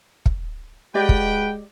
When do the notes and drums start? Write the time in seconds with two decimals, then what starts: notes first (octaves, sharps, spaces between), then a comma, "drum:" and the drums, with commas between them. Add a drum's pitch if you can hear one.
0.26 drum: kick
0.95 G#3 F#4 G4 B4 D5 D#5 G5
1.09 drum: kick